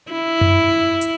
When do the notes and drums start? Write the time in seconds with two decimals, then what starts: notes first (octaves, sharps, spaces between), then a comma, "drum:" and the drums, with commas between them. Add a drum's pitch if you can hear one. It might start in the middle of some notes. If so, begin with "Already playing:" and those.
0.11 E4
0.41 drum: tom F#2
1.01 drum: hi-hat